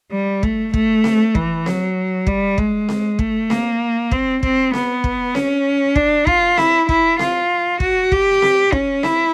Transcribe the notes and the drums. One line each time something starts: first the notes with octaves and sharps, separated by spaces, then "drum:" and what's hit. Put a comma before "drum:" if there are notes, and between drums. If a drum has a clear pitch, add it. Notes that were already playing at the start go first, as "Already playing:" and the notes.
G3
A3, drum: kick
A3, drum: kick
drum: snare C4
E3, drum: kick
F#3, drum: snare C4
G3, drum: kick
G#3, drum: kick
drum: snare C4
A3, drum: kick
A#3, drum: snare C4
C4, drum: kick
C4, drum: kick
B3, drum: snare C4
drum: kick
C#4, drum: snare C4
D4, drum: kick
F4, drum: kick
E4, drum: snare C4
E4, drum: kick
F4, drum: snare C4
F#4, drum: kick
G4, drum: kick
drum: snare C4
C#4, drum: kick
E4, drum: snare C4